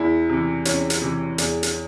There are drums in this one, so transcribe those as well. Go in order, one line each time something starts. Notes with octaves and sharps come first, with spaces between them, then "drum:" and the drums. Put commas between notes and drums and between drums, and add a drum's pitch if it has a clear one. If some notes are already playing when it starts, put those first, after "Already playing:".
Already playing: E2 E4
C3 E3
E2 C#4, drum: hi-hat
drum: hi-hat
C3 E3
E2, drum: hi-hat
drum: hi-hat